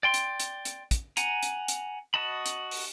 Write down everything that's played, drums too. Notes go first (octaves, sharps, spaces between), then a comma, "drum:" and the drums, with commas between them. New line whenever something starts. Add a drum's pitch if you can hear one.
D5 G5 C6
drum: hi-hat
drum: hi-hat
drum: hi-hat
drum: kick, hi-hat
F#5 G#5 A#5, drum: hi-hat
drum: hi-hat
drum: hi-hat
F#4 D#5 A5 B5
drum: hi-hat
drum: open hi-hat